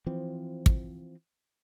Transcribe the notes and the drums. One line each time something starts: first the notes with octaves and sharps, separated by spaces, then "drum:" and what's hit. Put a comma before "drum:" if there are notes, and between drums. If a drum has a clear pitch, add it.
E3 F3 C4
drum: kick